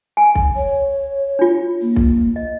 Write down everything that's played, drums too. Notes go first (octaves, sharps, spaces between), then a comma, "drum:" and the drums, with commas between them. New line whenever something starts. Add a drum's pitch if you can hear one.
G#5
drum: kick B1
C#5
D4 F4
A#3
drum: kick B1
D#5